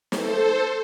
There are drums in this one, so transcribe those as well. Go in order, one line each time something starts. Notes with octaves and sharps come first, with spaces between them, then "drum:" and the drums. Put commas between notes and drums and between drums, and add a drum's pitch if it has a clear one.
A4 C5, drum: snare